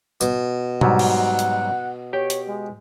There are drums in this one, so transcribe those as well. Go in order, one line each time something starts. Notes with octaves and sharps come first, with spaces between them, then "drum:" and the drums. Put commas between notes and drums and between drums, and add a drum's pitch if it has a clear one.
B2, drum: tambourine
G#2 F#3 G3 F#5, drum: tom B2
drum: cymbal
drum: hi-hat
G4 C#5 G5
drum: hi-hat
G#3